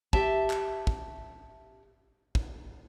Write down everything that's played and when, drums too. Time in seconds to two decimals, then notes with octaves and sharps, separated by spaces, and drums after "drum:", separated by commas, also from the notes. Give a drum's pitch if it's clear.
0.13 G4 E5 A5, drum: kick
0.50 drum: clap
0.87 drum: kick
2.35 drum: kick